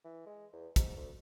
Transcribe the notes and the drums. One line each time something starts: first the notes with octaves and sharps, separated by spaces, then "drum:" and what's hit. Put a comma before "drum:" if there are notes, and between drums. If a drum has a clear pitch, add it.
E3
G#3
E2
G#2, drum: kick, hi-hat
D2